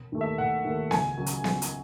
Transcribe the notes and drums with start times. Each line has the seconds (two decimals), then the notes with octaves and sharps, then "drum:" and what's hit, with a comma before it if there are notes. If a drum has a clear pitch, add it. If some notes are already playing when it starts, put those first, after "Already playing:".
Already playing: E1
0.12 D#2 D#3 A3
0.21 E5
0.38 E1 F#5
0.64 D#2 D#3 A3
0.91 C#2 G#5, drum: snare B3
1.17 C#3 F#3
1.26 drum: hi-hat
1.44 drum: snare B3
1.62 drum: hi-hat